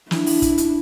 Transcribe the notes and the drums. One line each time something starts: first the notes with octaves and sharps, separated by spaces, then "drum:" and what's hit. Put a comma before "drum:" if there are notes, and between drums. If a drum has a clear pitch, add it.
D4 E4, drum: snare
drum: open hi-hat
drum: kick, hi-hat
drum: hi-hat